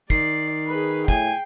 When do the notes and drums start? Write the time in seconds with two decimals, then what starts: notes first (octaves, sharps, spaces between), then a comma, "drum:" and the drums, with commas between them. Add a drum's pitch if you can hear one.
0.10 D#3 D5 C7, drum: kick
0.67 G#4 B4
1.08 A2 G5 G#5, drum: kick